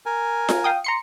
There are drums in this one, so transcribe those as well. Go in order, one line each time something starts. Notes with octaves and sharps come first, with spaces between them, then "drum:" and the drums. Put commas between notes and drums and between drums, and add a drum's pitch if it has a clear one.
A#4 G#5
drum: snare F4
F5 G5 D#6
A#5 C6 C#7